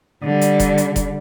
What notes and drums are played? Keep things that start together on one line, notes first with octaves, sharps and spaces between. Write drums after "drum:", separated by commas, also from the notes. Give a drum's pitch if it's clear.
D3 G3
drum: hi-hat
drum: kick F1, hi-hat
drum: hi-hat
drum: kick F1, hi-hat